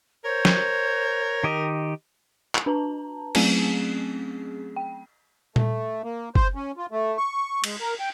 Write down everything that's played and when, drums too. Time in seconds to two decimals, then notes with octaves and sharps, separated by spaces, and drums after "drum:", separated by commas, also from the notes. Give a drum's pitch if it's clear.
0.25 A#4 C5 C#5
0.45 drum: snare
1.44 D#3 G4 D#5
2.55 drum: clap
2.66 D4 B4 A5 A#5
3.35 F#3 A3 C4 C#4 G#4, drum: cymbal
4.76 G5
5.56 A3, drum: tom A#2
6.03 A#3
6.35 C5, drum: kick
6.55 C#4
6.77 F4
6.91 A3
7.18 C#6
7.64 G#3, drum: cymbal
7.81 A#4
7.99 G5